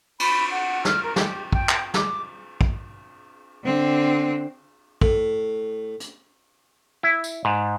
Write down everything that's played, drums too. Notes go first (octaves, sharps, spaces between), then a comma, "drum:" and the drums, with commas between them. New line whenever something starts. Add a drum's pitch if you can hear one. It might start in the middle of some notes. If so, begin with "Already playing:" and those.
B5, drum: cymbal
F#5
F6, drum: snare
A#4
G4, drum: snare
G5, drum: kick
drum: clap
D6, drum: snare
drum: kick
D3 C4
A2, drum: kick
drum: hi-hat
E4
drum: tambourine
G#2